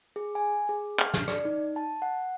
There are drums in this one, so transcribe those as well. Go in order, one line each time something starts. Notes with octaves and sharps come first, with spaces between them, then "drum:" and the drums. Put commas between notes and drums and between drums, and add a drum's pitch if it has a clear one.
G#4
G#5
G#4
F6, drum: clap
drum: snare
D5, drum: rim click
D#4
A5
F#5